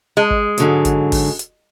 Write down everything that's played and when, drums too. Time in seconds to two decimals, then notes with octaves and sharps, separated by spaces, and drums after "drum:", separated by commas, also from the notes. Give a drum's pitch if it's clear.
0.17 G#3
0.30 drum: kick
0.58 G#2 D3 F#3, drum: hi-hat
0.85 drum: kick, hi-hat
1.12 drum: kick, open hi-hat
1.39 drum: hi-hat